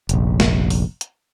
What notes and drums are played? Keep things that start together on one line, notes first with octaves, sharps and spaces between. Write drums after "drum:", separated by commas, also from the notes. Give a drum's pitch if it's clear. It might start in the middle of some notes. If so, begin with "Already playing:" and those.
F1 A#1, drum: hi-hat
drum: snare
drum: open hi-hat
drum: hi-hat